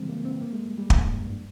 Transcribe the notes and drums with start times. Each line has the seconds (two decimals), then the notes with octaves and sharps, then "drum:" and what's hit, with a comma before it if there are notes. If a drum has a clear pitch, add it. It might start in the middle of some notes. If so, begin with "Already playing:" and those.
Already playing: C#3 E3 G3 G#3 C4
0.09 A#3
0.25 C4
0.42 A#3
0.53 G#3
0.65 G3
0.78 G3
0.90 G#2, drum: kick
1.03 G2
1.14 F2
1.26 G2